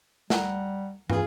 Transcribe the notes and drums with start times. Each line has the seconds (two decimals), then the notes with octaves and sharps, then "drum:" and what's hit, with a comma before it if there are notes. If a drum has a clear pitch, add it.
0.30 G3 F#5 A#5, drum: snare
1.10 E3 F4 G#4, drum: tom